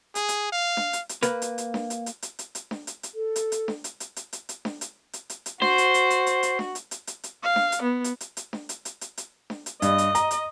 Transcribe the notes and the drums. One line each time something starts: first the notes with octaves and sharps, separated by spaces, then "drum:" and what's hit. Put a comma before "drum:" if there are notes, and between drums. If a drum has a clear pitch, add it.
G#4, drum: hi-hat
drum: hi-hat
F5
drum: snare D4
drum: hi-hat
drum: hi-hat
A#3 B4, drum: hi-hat
drum: hi-hat
drum: hi-hat
drum: snare D4
drum: hi-hat
drum: hi-hat
drum: hi-hat
drum: hi-hat
drum: hi-hat
drum: snare D4
drum: hi-hat
drum: hi-hat
A4
drum: hi-hat
drum: hi-hat
drum: snare D4
drum: hi-hat
drum: hi-hat
drum: hi-hat
drum: hi-hat
drum: hi-hat
drum: snare D4
drum: hi-hat
drum: hi-hat
drum: hi-hat
drum: hi-hat
F#4 C5, drum: snare D4
drum: hi-hat
drum: hi-hat
drum: hi-hat
drum: hi-hat
drum: hi-hat
drum: snare D4
drum: hi-hat
drum: hi-hat
drum: hi-hat
drum: hi-hat
F5
drum: snare D4
drum: hi-hat
B3
drum: hi-hat
drum: hi-hat
drum: hi-hat
drum: snare D4
drum: hi-hat
drum: hi-hat
drum: hi-hat
drum: hi-hat
drum: snare D4
drum: hi-hat
G2 D#5, drum: hi-hat
drum: hi-hat
A#5, drum: hi-hat
drum: hi-hat